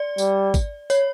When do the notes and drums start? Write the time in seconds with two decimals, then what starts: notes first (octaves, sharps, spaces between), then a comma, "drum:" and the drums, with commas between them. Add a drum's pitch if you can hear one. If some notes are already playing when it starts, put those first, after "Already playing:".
Already playing: D5
0.18 G3, drum: tambourine
0.54 drum: kick G#1, tambourine
0.90 C#5, drum: tambourine